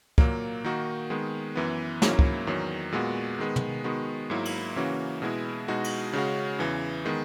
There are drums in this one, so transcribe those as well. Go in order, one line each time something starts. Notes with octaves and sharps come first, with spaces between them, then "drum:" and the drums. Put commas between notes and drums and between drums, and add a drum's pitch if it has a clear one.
A#2 F#3 A#3, drum: kick
D#3 A#3 D#4 F#4
D#3 G#3 B3
F#2 E3 B3
G#2 F#3 A#3 C#4 E4, drum: snare
drum: kick
E2 D#3 F#3
A#2 G#3 B3 F#4
D#3 G#3 B3
drum: tom
D#3 G#3 B3 F#4
G#2 F#3 A#3 E4
drum: cymbal
C#3 E3 A#3 C#4 F#4
B2 G#3 B3 E4
B2 G#3 D#4 F#4
drum: cymbal
C#3 G#3 C#4 F#4
E2 C#3 E3
D#3 G#3 B3